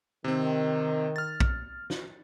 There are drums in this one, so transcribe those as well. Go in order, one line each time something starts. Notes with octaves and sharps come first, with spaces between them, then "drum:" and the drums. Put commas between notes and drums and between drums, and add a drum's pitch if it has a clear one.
C3 D#3 C4
F6 A6
drum: kick A#1
drum: snare